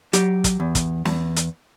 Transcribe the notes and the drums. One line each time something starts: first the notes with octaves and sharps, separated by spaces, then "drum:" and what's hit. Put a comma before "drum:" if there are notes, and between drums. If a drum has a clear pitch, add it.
F#3 G4, drum: hi-hat
drum: kick, hi-hat
E2
drum: kick, hi-hat
E2, drum: snare
drum: hi-hat